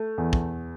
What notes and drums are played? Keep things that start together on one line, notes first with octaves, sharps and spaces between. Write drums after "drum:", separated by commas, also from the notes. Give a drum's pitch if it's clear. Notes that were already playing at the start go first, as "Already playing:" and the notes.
Already playing: A3
E2
drum: kick